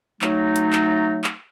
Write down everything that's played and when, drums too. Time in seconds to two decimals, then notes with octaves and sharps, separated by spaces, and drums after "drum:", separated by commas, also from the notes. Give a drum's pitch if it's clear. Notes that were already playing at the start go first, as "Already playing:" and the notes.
0.22 F#3 A3 D#4, drum: clap
0.56 drum: hi-hat
0.73 drum: clap
1.24 drum: clap